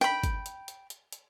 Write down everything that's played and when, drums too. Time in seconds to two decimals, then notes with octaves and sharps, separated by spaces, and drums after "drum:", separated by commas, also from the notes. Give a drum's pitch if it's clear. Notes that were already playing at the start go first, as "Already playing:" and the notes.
0.01 G5 B5, drum: snare
0.24 drum: kick G1, hi-hat
0.46 drum: hi-hat
0.68 drum: hi-hat
0.90 drum: hi-hat
1.12 drum: hi-hat